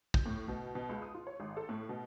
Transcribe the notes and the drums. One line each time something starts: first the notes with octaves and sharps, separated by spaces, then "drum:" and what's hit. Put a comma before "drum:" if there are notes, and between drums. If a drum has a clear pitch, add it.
G6, drum: kick
A2
B2
B2
C#2
D#6
F4
C#5
G#1
A4
A2
B2